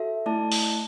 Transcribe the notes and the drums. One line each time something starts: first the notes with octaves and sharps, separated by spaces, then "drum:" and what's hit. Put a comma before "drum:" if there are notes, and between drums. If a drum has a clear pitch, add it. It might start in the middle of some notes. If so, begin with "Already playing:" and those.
Already playing: F#4 A4 E5
A3 E4 D5 A5
drum: open hi-hat